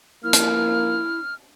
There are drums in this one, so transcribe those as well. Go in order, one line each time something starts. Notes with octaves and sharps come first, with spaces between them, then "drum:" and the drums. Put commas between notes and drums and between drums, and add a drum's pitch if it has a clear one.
F3 A#3 E4 F6
drum: hi-hat